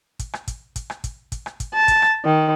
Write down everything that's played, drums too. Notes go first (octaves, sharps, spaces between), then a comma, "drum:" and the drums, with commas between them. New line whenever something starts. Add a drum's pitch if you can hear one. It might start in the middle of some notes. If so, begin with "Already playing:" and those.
drum: kick, hi-hat
drum: rim click
drum: kick, hi-hat
drum: kick, hi-hat
drum: rim click
drum: kick, hi-hat
drum: kick, hi-hat
drum: rim click
drum: kick, hi-hat
A5
drum: kick, hi-hat
drum: rim click
D#3